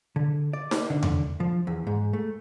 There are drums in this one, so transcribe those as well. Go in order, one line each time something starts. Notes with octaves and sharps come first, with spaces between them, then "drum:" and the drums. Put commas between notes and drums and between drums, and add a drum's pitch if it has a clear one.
D3
D5
drum: snare D#4
D3
drum: tom E2
F3
E2
G#2
A3